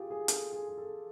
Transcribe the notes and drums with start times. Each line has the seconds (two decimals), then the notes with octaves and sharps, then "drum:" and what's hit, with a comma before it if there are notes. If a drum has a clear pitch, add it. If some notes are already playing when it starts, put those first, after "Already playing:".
Already playing: F4 G4 G#4
0.10 G#4
0.28 A4, drum: hi-hat
0.53 G#4
0.69 G#4
0.78 A4